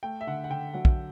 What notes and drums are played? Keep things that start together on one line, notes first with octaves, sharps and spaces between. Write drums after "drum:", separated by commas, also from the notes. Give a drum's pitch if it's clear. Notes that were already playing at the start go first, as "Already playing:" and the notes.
A3 G5
E5
D3 F#5
F#5
D3 G5
F#3 F#5
drum: kick